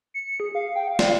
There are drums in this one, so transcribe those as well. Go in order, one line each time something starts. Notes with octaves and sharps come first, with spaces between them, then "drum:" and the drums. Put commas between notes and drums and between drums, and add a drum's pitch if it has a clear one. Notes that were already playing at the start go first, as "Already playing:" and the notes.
C#7
G#4
F5
G5
F5
D5, drum: snare